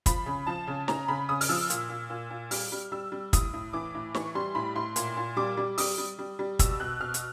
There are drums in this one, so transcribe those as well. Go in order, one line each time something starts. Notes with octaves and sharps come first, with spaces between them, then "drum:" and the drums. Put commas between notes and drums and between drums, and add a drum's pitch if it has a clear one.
F3 B5, drum: kick, hi-hat
C#3
F3 A5
C#3
C#3 A#5, drum: snare
C#3 B5
C#3 D#6
F6, drum: open hi-hat
F3 E6
A#2, drum: hi-hat
A#2
A#2
A#2
G3 F6, drum: open hi-hat
G3
G3 E6
G3
A2 D#6, drum: kick, hi-hat
A2
E3 D6
A2
E3 C#6, drum: snare
G3 C6
A2 B5
A2 C6
A#2 C6, drum: hi-hat
A#2
G3 D6
G3
G3 D#6, drum: open hi-hat
G3
G3
G3
B2 E6, drum: kick, hi-hat
B2 F#6
B2 F6
drum: hi-hat